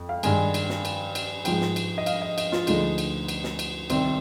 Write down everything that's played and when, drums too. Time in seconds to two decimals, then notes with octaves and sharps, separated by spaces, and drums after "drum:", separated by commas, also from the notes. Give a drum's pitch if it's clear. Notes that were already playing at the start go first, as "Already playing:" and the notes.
Already playing: F2
0.09 F5
0.23 G2 D#3 G#3 G#5, drum: cymbal
0.54 drum: cymbal
0.69 drum: snare
0.85 drum: cymbal
1.15 drum: cymbal
1.45 G#2 F3 G#3 G5, drum: cymbal
1.61 drum: snare
1.76 drum: cymbal
1.98 D#5
2.06 F5, drum: cymbal
2.22 D#5
2.38 D#5, drum: cymbal
2.52 F4, drum: snare
2.67 D2 D3 F3 G#3 D#4, drum: cymbal
2.98 drum: cymbal
3.28 drum: cymbal
3.44 drum: snare
3.59 drum: cymbal
3.90 C2 C3 D#3 C4, drum: cymbal